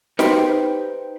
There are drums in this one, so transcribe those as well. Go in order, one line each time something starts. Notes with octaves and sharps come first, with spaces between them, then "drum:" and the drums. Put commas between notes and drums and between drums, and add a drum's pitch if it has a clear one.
D#4 G4 B4 C5 G5 C6, drum: snare